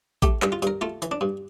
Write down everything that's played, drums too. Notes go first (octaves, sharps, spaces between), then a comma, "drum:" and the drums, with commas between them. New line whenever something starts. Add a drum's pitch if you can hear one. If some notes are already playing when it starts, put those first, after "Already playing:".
A3 G4, drum: kick A1, hi-hat
G2, drum: clap
F4
G2 A#4, drum: hi-hat
A3 F4
E3, drum: hi-hat
D4
G2